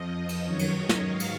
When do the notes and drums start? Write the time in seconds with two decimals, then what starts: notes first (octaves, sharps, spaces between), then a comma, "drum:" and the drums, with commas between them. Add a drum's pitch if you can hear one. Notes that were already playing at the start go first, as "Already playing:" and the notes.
Already playing: F2 F3 D#5
0.29 drum: cymbal
0.44 F#2 D#3 F#3 C#5
0.59 drum: cymbal
0.74 D#5
0.89 drum: snare
1.04 G#2 D#3 F#3 F5
1.20 drum: cymbal